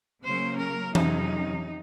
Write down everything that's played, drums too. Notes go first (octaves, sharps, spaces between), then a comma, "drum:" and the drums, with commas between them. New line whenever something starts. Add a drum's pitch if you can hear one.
C#3 F#3 A#3 C#4 C5
A#4
F2 C3 D#3 F#3 C#4 D#4, drum: tom E3